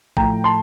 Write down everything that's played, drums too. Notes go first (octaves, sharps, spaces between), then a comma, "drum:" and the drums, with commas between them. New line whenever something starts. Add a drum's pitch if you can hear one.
A2 F3 A3 G5 A#5, drum: kick
A5 C6